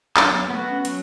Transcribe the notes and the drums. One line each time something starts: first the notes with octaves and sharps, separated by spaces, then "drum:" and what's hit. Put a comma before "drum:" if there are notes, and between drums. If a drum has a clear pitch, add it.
F#3 D4, drum: clap
B3
A3 B3 F#4
C#4
F#3, drum: hi-hat